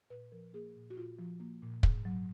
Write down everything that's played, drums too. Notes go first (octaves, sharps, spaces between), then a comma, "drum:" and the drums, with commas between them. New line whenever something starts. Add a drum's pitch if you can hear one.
A#2 B4
F3 A#4
A#3 G#4
A#2
F#4
A#2 F4
F3
A#3
A#2
G#2, drum: kick
F#3